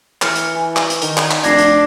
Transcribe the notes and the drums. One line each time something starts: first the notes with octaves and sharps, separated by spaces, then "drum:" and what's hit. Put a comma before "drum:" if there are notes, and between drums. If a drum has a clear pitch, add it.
E3 F6 C#7, drum: clap
drum: hi-hat
E4 G#5
drum: clap
drum: hi-hat
D#3, drum: hi-hat
drum: clap
drum: clap
F1 D4 G#6 A#6 C7, drum: hi-hat
drum: hi-hat